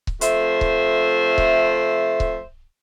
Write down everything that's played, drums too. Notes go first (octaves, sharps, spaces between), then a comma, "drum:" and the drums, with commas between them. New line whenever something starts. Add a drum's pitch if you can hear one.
drum: kick C#1
F2 A3 C5 E5, drum: hi-hat
drum: kick C#1
drum: kick C#1
drum: kick C#1